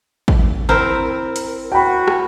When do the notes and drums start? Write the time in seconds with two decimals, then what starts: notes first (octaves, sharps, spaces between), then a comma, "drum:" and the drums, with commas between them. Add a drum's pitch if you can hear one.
0.28 drum: kick
0.69 C4 E4 A#4
1.36 drum: hi-hat
1.72 F#4 G5 B5
2.08 drum: rim click